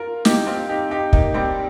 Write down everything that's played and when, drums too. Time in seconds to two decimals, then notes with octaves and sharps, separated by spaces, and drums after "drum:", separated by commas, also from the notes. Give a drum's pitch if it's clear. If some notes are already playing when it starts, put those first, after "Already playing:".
Already playing: F4 A#4
0.25 D#4 G4, drum: snare
0.47 C4 F4
0.69 D#4 G4
0.91 D#4 G4
1.13 A#3 D#4, drum: kick
1.34 G3 C4